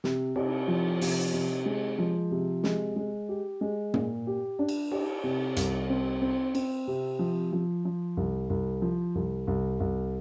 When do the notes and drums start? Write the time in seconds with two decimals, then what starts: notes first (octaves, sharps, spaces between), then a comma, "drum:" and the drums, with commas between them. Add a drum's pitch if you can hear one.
0.04 C3, drum: snare
0.36 C3, drum: cymbal
0.68 F3
1.01 C3, drum: open hi-hat
1.33 C3
1.66 G#3
1.99 F3
2.31 C3
2.64 G#3, drum: snare
2.96 G#3
3.29 G4
3.61 G#3
3.94 A#2, drum: tom
4.27 G4
4.59 D4
4.69 drum: cymbal
4.91 G4, drum: cymbal
5.24 C3
5.56 C2, drum: hi-hat
5.90 C4
6.22 C4
6.55 C4, drum: cymbal
6.88 C3
7.19 F3
7.53 F3
7.85 F3
8.17 C2
8.50 C2
8.82 F3
9.15 C2
9.47 C2
9.80 C2